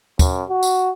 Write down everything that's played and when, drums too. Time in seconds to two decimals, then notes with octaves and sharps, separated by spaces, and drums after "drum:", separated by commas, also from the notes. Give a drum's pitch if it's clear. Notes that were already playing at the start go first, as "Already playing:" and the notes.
0.19 F#2, drum: kick, tambourine
0.50 F#4
0.63 drum: tambourine